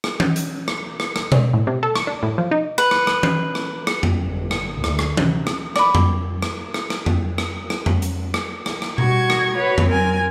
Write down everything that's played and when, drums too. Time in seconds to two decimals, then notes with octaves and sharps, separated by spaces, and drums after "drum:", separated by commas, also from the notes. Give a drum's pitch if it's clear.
0.04 drum: rim click
0.20 drum: tom E3
0.36 drum: hi-hat
0.68 drum: rim click
1.00 drum: rim click
1.16 drum: rim click
1.32 drum: tom B2
1.53 A2
1.67 C3
1.83 A4
1.96 C#6, drum: rim click
2.07 D4
2.23 A2
2.38 F3
2.51 D#4
2.78 B4
2.91 drum: rim click
3.07 drum: rim click
3.23 drum: tom E3
3.55 drum: rim click
3.87 drum: rim click
4.03 drum: tom F2
4.25 G1
4.51 drum: rim click
4.84 D2, drum: rim click
4.99 drum: rim click
5.17 C3, drum: tom E3
5.47 drum: rim click
5.76 B4 D5, drum: rim click
5.95 drum: tom F2
6.42 drum: rim click
6.74 drum: rim click
6.90 drum: rim click
7.06 drum: tom F2
7.38 drum: rim click
7.70 drum: rim click
7.86 drum: tom F2
8.02 drum: hi-hat
8.34 drum: rim click
8.66 drum: rim click
8.82 drum: rim click
8.98 G3 F#4 C#6 G#6, drum: tom B2
9.30 drum: rim click
9.54 F#4 B4 C#5
9.78 drum: tom F2
9.89 F#3 C4 A#4 G#5